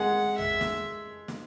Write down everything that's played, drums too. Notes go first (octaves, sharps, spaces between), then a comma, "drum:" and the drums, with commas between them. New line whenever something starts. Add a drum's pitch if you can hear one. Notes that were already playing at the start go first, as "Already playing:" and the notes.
Already playing: G#3 G#4 F#5
E5, drum: tom
drum: snare
drum: snare